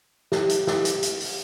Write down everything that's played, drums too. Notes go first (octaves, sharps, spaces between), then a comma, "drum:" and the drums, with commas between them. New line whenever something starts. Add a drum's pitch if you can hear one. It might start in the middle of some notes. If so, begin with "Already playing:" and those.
G4, drum: snare
drum: hi-hat
drum: snare
drum: hi-hat
drum: hi-hat
drum: open hi-hat